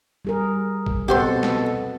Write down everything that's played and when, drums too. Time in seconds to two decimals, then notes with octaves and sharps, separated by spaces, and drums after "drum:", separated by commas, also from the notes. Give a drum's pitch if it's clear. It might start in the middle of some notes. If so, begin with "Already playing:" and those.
0.25 G3 G#4 A#4
0.86 drum: kick G#1
1.09 B2 C4 G4 A4 C5 F#5 C6
1.43 drum: snare